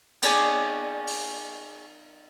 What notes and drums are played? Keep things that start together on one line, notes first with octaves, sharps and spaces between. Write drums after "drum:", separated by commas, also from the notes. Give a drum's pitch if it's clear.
G#4 C#5 D5 G5, drum: cymbal
drum: open hi-hat